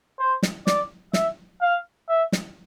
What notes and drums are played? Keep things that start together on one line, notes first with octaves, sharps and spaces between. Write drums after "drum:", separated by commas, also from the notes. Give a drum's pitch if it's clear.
C5
drum: snare
D5, drum: snare
E5, drum: snare
F5
E5
drum: snare